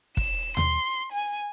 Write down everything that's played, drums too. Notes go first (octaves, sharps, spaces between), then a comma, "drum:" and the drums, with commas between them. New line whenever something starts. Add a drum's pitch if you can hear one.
E7, drum: kick F1
C6, drum: tom D#2
G#5